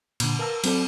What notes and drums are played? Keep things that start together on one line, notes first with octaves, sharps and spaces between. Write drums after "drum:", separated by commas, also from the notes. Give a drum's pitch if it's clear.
A#2 D3, drum: cymbal
A#4 B4 F5 A5 A#5 E6
F#3 C4 A4 D5, drum: cymbal